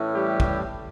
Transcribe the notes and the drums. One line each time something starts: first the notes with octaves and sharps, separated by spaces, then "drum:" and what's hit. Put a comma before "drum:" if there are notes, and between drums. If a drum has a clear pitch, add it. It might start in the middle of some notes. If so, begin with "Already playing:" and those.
Already playing: A2 E3 A3 C#4 E4
G3 G4
drum: kick